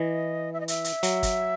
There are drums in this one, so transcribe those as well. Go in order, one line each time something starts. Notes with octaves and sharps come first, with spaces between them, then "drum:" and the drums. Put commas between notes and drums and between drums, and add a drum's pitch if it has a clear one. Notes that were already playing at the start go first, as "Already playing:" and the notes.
Already playing: E3 D#5
E5
D#5
E5, drum: hi-hat
drum: hi-hat
F#3, drum: hi-hat
drum: kick, hi-hat